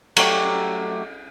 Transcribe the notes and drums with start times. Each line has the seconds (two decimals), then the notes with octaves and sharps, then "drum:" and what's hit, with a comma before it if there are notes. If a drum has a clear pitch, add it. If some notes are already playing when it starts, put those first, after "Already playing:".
0.17 F#3 A3 G4 D5, drum: cymbal